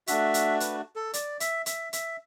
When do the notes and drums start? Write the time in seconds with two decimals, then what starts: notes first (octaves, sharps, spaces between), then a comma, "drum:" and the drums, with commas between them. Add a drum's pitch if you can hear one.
0.07 A3 D4 F#4 E5, drum: hi-hat
0.34 drum: hi-hat
0.60 B4, drum: hi-hat
0.96 A4
1.14 D5, drum: hi-hat
1.40 E5, drum: hi-hat
1.66 E5, drum: hi-hat
1.93 E5, drum: hi-hat